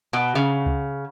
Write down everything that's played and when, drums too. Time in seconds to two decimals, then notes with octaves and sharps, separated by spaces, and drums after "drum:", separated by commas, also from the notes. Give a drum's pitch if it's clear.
0.13 B2
0.35 C#3
0.66 drum: kick C#2